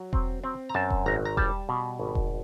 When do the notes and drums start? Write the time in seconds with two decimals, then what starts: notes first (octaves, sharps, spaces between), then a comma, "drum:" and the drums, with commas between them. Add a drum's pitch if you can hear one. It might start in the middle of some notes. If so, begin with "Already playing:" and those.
Already playing: F#3
0.13 C4, drum: kick E1
0.44 C4
0.69 A#5
0.74 F#2 A5
0.90 drum: kick E1
1.06 G#1 A#5
1.25 A#5
1.37 G3 A5, drum: kick E1
1.69 B2
2.00 G#1
2.15 drum: kick E1